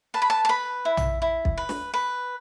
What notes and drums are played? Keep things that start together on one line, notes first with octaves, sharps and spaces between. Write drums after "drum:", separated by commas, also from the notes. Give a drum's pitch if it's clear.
B4 A5
B5
A5
A5
B4 B5
E4
drum: tom
E4
drum: kick
B4
drum: snare
B4